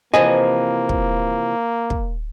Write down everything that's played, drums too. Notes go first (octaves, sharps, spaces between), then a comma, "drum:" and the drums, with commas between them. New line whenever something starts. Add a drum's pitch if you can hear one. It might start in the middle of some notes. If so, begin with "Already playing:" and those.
C3 E3 F3 A#3 D#5 G#5
drum: kick
drum: kick